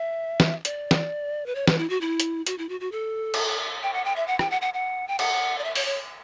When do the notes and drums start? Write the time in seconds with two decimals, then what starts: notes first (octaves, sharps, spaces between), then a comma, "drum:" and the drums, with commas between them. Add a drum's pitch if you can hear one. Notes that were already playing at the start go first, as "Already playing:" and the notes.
Already playing: E5
0.40 drum: snare E3
0.65 D5, drum: hi-hat
0.91 drum: snare E3
1.46 B4
1.55 C#5
1.67 B4, drum: snare E3
1.78 E4
1.90 F#4
2.01 E4
2.20 drum: hi-hat
2.47 F#4, drum: hi-hat
2.58 E4
2.69 F#4
2.80 F#4
2.92 A4
3.34 drum: cymbal
3.83 G5
3.94 F#5
4.05 G5
4.16 E5
4.28 F#5
4.39 G5, drum: rim click
4.51 F#5
4.62 F#5
4.74 F#5
5.08 G5
5.19 F#5, drum: cymbal
5.58 D5
5.64 E5
5.75 C#5, drum: open hi-hat
5.86 C#5